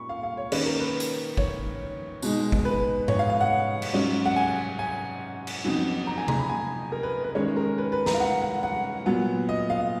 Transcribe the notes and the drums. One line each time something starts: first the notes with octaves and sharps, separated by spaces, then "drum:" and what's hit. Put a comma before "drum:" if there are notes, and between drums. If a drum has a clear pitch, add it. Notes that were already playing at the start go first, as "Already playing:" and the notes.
Already playing: A#2 B5 C#6
F5
F5
C#5
D#3 A#3 C#4 B4, drum: cymbal
A#4
B4
drum: hi-hat
C#5, drum: kick
B2 G#3 D#4, drum: tambourine
drum: kick
B4
C#5, drum: tom G#2
F5
F5
F#5
drum: cymbal
G#2 F#3 C#4
F#5
G#5
G#5
drum: cymbal
F2 C#3 F#3 B3 D#4
A#5
G#5
A#5, drum: tom C3
B5
G#5
A#4
B4
B4
D#3 G#3 C#4 C#5
A#4
B4
B4
A#5, drum: snare
F5
F#5
F#5
F#5
A#2 F#3 B3
D#5
F5